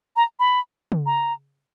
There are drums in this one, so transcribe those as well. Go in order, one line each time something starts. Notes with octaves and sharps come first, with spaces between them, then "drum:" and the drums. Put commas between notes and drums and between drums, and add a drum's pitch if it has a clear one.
A#5
B5
drum: tom C#3
A#5